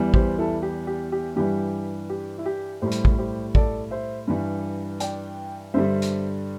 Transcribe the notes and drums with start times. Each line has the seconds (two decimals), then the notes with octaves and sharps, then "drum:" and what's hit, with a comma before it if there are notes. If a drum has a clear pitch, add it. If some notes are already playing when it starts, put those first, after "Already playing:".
Already playing: E2 E3 G3
0.14 G4 C5, drum: kick
0.39 E4 A4
0.63 G4
0.87 G4
1.12 G4
1.36 G2 E3 G3 G4
2.10 G4
2.38 E4
2.46 G4
2.82 A2 G3 G4 C5
2.92 drum: hi-hat
3.05 drum: kick
3.18 G4 C5
3.55 A4 D5, drum: kick
3.91 C5 E5
4.27 G2 E3 G3
5.00 D5 G5, drum: hi-hat
5.74 G2 D3 G3 C5 E5
6.02 drum: hi-hat